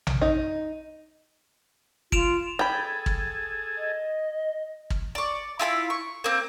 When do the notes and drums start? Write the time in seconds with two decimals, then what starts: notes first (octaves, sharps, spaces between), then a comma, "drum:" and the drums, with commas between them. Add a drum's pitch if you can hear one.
0.07 drum: tom A#1
0.21 D#4
2.12 F4 D7 E7 F7, drum: kick
2.59 G#4 A4 G5 B5
3.06 drum: kick
3.78 D#5
4.90 drum: kick
5.15 D5 C#6
5.59 E4 F4 G#5 B5
5.90 C#6
6.24 A#3 C4